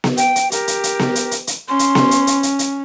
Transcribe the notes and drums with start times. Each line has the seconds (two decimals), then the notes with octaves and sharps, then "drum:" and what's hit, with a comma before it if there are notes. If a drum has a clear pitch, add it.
0.04 drum: snare B3
0.17 G5, drum: hi-hat
0.36 drum: hi-hat
0.52 G4 A#4, drum: hi-hat
0.68 drum: hi-hat
0.83 drum: hi-hat
0.99 drum: snare B3
1.15 drum: hi-hat
1.31 drum: hi-hat
1.47 drum: hi-hat
1.68 C#4 C6
1.79 drum: hi-hat
1.95 drum: snare B3
2.11 drum: hi-hat
2.27 drum: hi-hat
2.43 drum: hi-hat
2.59 drum: hi-hat